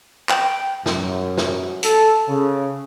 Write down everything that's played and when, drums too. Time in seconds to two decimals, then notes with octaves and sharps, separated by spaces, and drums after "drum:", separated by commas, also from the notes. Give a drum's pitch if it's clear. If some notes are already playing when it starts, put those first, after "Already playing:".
0.29 G5, drum: clap
0.86 F#2, drum: snare
1.37 drum: snare
1.83 A4, drum: hi-hat
2.28 C#3